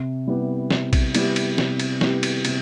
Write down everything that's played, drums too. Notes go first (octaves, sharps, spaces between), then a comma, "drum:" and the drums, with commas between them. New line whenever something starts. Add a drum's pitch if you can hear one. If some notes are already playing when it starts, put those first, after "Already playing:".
Already playing: C3
G3 B3 E4 G4
C3, drum: snare
drum: kick, cymbal
G3 B3 E4 G4, drum: cymbal
drum: cymbal
C3, drum: snare
drum: cymbal
G3 B3 E4 G4, drum: snare
drum: cymbal
C3, drum: cymbal